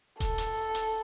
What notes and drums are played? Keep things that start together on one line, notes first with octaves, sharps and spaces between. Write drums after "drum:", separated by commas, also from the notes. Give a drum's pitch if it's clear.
A4, drum: kick D#1, hi-hat
drum: hi-hat
drum: hi-hat